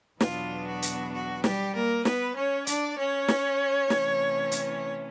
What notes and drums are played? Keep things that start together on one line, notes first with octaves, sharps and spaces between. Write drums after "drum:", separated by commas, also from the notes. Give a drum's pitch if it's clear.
E2 B2 F#3 B3 D4 F4, drum: snare
F#4
drum: hi-hat
F#4
G3 G4, drum: snare
A#3 A#4
B3 B4, drum: snare
C#4 C#5
D4 D5, drum: hi-hat
C#4 C#5
drum: snare
C3 E3 A3 C#4, drum: snare
drum: hi-hat